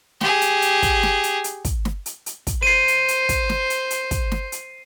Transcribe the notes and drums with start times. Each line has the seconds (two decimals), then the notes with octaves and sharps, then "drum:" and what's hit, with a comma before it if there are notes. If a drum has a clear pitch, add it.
0.21 G4 G#4, drum: snare
0.41 drum: hi-hat
0.62 drum: hi-hat
0.82 drum: kick, hi-hat
1.03 drum: snare
1.24 drum: hi-hat
1.44 drum: hi-hat
1.65 drum: kick, hi-hat
1.85 drum: snare
2.06 drum: hi-hat
2.26 drum: hi-hat
2.47 drum: kick, hi-hat
2.63 C5 C7 D#7
2.88 drum: hi-hat
3.08 drum: hi-hat
3.29 drum: kick, hi-hat
3.49 drum: snare
3.70 drum: hi-hat
3.90 drum: hi-hat
4.11 drum: kick, hi-hat
4.32 drum: snare
4.52 drum: hi-hat